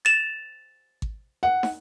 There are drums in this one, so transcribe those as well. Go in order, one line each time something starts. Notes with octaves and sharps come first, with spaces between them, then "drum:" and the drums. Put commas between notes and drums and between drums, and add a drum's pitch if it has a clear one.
A6 E7 F7
drum: kick G#1
F#5
drum: snare